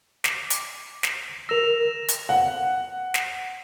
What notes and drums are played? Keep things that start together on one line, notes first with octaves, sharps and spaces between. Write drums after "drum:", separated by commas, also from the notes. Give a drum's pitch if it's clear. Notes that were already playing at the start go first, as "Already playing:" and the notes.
D6, drum: snare
drum: hi-hat
drum: snare
A#4 E6 A#6 E7 F7
drum: hi-hat
F#5
drum: snare